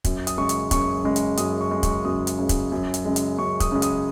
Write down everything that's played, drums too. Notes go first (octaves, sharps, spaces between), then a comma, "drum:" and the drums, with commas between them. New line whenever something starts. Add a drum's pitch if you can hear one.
F#2, drum: kick, hi-hat
D#6, drum: hi-hat
C#3 G#3 C#6
drum: hi-hat
F#2 C#6, drum: kick, hi-hat
C#3 G#3
drum: hi-hat
F#2 D#6, drum: hi-hat
C#6
C#3 G#3
C#6, drum: kick, hi-hat
F#2 D#6
drum: hi-hat
C#3 G#3
drum: kick, hi-hat
F#2
drum: hi-hat
C#3 G#3
drum: hi-hat
F#2 C#6
D#6, drum: kick, hi-hat
C#3 G#3
D#6, drum: hi-hat